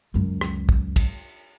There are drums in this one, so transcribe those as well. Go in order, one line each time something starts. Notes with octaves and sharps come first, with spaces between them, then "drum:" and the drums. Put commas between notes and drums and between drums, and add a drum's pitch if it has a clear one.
C#2 F#2
drum: rim click
drum: kick
drum: kick, cymbal